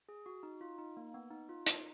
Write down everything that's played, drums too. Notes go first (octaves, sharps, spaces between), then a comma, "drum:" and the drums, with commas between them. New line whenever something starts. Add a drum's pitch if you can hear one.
G#4
F#4
D#4
F4
D#4
A#3
B3
D#4
F4
D#4, drum: hi-hat